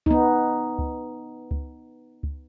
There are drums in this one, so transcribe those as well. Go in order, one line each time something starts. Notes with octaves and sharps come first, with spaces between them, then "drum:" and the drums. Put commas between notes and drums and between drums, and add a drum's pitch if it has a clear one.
B3 D#4, drum: kick C#2
drum: kick C#2
drum: kick C#2
drum: kick C#2